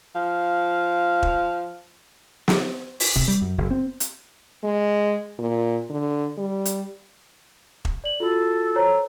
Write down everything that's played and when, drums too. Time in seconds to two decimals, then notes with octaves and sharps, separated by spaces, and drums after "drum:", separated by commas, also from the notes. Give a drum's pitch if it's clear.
0.15 F3 F5
1.23 drum: kick E1
2.48 drum: snare
3.00 drum: open hi-hat
3.16 C3, drum: kick E1
3.28 G3
3.41 F#2
3.58 F#1
3.71 C4
4.00 drum: hi-hat
4.63 G#3
5.39 A#2
5.90 D3
6.38 G3
6.65 drum: hi-hat
7.85 drum: kick E1
8.04 D5 F#7
8.20 F4 F#4 A4
8.76 C5 C#5 A#5